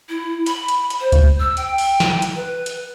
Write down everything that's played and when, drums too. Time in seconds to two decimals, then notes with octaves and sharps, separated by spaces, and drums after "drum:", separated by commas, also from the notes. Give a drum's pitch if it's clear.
0.09 E4
0.46 B5, drum: hi-hat
0.68 drum: hi-hat
0.90 drum: hi-hat
1.00 C5
1.12 drum: kick C#2, hi-hat
1.40 E6
1.57 G5, drum: hi-hat
1.78 drum: open hi-hat
2.00 drum: snare
2.22 drum: hi-hat
2.36 B4
2.66 drum: hi-hat